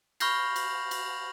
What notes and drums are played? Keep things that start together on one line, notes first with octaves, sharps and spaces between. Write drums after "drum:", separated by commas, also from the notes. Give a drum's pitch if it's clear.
B5 C#6 F6 G6 A#6 C7, drum: cymbal
drum: cymbal
drum: cymbal